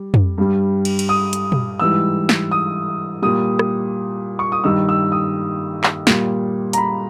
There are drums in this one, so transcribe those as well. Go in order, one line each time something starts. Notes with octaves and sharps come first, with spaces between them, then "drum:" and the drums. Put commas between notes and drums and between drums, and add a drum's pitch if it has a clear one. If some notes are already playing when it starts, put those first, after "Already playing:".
Already playing: G3
drum: tom
G2 G3
drum: cymbal
drum: cymbal
D#6
drum: hi-hat
drum: tom A#2
G#2 E3 G3 E6
drum: snare
D#6
A#2 G3 D#6
drum: rim click
C#6
D#6
G2 D#3 G3 E6
E6
D#6
drum: clap
A#2 G3, drum: snare
A#5, drum: hi-hat
B5